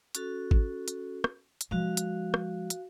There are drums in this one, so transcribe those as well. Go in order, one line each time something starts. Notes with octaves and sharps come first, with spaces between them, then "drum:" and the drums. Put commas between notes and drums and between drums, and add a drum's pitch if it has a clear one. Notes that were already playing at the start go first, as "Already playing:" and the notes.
C#4 F#4 A4, drum: hi-hat
drum: kick G#1
drum: hi-hat
drum: rim click
drum: hi-hat
F3 G#3 F#4 F5
drum: hi-hat
drum: rim click
drum: hi-hat